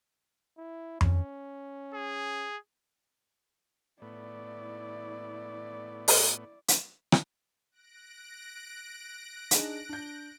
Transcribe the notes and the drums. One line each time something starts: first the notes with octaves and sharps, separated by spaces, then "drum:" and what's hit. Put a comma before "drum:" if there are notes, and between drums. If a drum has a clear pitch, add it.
E4
C#4, drum: tom F2
G#4
A2 B3 E4 D5
drum: open hi-hat
drum: hi-hat
drum: rim click
F#6 A#6 D7
D4 D#4 G#4, drum: hi-hat
D4 G6